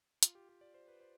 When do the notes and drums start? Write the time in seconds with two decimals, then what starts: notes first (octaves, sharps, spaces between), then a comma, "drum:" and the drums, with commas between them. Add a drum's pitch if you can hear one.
0.23 F4, drum: hi-hat
0.35 G4
0.49 G4
0.61 D5
0.74 C5
0.88 B4
1.00 C5